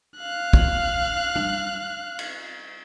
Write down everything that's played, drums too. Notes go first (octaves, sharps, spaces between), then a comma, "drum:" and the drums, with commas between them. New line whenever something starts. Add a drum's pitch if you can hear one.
F5 F#6
drum: kick
drum: tom
drum: cymbal